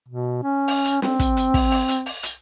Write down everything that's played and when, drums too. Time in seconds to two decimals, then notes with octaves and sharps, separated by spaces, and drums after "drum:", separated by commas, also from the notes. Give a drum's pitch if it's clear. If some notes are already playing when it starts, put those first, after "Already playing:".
0.08 B2
0.43 C#4
0.68 drum: open hi-hat
0.85 drum: hi-hat
1.02 C4, drum: snare
1.19 drum: kick, hi-hat
1.37 drum: hi-hat
1.54 drum: kick, open hi-hat
1.71 drum: open hi-hat
1.89 drum: hi-hat
2.06 drum: open hi-hat
2.23 drum: hi-hat